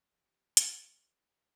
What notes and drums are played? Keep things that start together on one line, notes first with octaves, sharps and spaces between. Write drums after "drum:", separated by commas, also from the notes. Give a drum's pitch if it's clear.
E3 F3 F#4 G4
drum: hi-hat